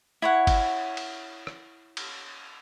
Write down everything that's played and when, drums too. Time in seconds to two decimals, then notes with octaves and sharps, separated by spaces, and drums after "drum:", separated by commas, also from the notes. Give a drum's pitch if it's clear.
0.22 E4 C#5 F#5
0.47 drum: kick G1, cymbal
0.97 drum: cymbal
1.47 drum: rim click
1.97 drum: cymbal